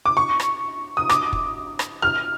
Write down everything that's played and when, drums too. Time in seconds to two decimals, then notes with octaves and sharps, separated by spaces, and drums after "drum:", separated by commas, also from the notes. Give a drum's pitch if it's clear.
0.06 D6
0.17 C#6
0.40 drum: rim click
0.97 D#6
1.09 D6, drum: rim click
1.33 drum: kick
1.79 drum: rim click
2.02 F6